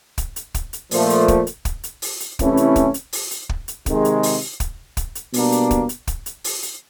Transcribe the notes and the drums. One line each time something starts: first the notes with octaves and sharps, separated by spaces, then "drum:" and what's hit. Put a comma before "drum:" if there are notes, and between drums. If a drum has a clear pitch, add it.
drum: kick, hi-hat
drum: hi-hat
drum: kick, hi-hat
drum: hi-hat
A#2 F3 A3, drum: open hi-hat
drum: hi-hat
drum: kick, hi-hat
drum: hi-hat
drum: kick, hi-hat
drum: hi-hat
drum: open hi-hat
drum: hi-hat
C3 E3 A3 C#4 E4, drum: kick, hi-hat
drum: hi-hat
drum: kick, hi-hat
drum: hi-hat
drum: open hi-hat
drum: hi-hat
drum: kick
drum: hi-hat
C3 D#3 G#3, drum: kick, hi-hat
drum: hi-hat
drum: open hi-hat
drum: kick, hi-hat
drum: kick, hi-hat
drum: hi-hat
B2 G3 A#3 D4, drum: open hi-hat
drum: hi-hat
drum: kick, hi-hat
drum: hi-hat
drum: kick, hi-hat
drum: hi-hat
drum: open hi-hat
drum: hi-hat